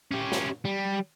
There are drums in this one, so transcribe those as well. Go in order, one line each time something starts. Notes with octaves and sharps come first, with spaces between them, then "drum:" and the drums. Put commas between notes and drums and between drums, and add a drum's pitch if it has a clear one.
C#4 G4
drum: snare
G3